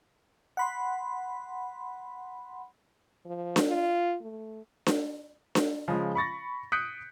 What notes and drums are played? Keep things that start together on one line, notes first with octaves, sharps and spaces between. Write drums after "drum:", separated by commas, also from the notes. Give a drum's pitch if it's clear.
F#5 B5 C6
F3
drum: snare D4
F4
A3
drum: snare D4
drum: snare D4
C#3 F3 G#3
B5 C#6 A6 A#6
D#6 F#6 G6 B6 C#7 D7